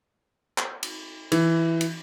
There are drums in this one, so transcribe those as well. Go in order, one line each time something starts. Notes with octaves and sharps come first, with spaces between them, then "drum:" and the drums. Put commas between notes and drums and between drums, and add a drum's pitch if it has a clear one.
drum: clap
drum: cymbal
E3, drum: cymbal
drum: cymbal